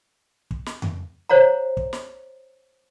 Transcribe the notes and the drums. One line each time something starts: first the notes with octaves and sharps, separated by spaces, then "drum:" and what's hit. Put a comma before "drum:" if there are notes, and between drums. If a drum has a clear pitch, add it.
drum: kick
drum: snare
drum: tom F2
C5 C#5 F5 A#5
drum: kick
drum: snare